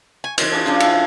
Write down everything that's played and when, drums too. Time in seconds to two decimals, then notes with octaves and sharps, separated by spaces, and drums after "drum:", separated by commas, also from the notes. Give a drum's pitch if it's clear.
0.24 G#5 C#6
0.38 E3 C#4 D#5 C6, drum: cymbal
0.52 D4 F4 G#4
0.66 C#3 F3 D4 F4 C5
0.80 E4 A4, drum: cymbal